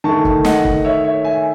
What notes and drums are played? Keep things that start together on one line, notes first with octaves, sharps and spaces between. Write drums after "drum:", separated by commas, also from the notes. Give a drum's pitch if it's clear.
D#3 A3 A5 C#6
drum: kick
D#5 F#5, drum: snare
drum: kick
C#5 E5
C#5 E5
E5 G#5